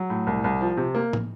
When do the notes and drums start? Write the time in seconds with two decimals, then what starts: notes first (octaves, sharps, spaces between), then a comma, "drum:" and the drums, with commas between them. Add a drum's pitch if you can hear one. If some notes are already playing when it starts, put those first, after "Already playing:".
Already playing: F#3
0.10 A2
0.27 C2
0.44 C2
0.61 F3
0.77 C3
0.95 A#3
1.13 drum: tom